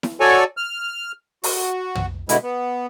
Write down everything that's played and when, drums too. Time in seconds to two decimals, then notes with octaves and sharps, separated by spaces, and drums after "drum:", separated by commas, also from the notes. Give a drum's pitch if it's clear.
0.03 drum: snare E4
0.20 F#4 A4 C#5 D5 G#5
0.57 F6
1.44 F#4, drum: open hi-hat
1.95 drum: tom
2.29 B2 D3 G#3 E4, drum: hi-hat
2.43 B3